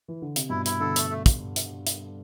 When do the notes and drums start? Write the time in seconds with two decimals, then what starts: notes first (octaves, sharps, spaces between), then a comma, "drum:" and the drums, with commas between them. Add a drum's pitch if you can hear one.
0.08 E3
0.22 D3
0.36 C3, drum: hi-hat
0.49 G2 B2 E4
0.66 E4, drum: hi-hat
0.80 B2 D3 A4
0.96 A3, drum: hi-hat
1.10 A3
1.26 drum: kick, hi-hat
1.56 drum: hi-hat
1.87 drum: hi-hat